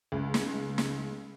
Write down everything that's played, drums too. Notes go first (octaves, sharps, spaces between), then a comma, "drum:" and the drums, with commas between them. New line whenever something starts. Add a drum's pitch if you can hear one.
C#2
drum: snare
drum: snare